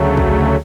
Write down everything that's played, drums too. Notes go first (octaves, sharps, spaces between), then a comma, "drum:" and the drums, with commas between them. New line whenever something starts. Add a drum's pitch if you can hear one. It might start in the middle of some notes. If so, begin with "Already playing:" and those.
Already playing: D2 C#3 F#3 A3
drum: kick